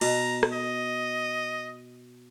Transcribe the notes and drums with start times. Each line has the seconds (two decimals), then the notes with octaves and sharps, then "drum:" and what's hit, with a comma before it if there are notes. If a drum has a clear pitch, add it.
0.01 B2 A#5, drum: cymbal
0.43 drum: rim click
0.52 D#5